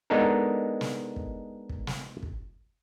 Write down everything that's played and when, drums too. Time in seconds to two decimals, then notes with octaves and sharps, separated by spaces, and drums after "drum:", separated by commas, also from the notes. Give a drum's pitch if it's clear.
0.10 G#3 B3 D4 D#4 A4 A#4
0.81 drum: snare
1.16 drum: kick
1.69 drum: kick
1.87 drum: snare
2.23 drum: kick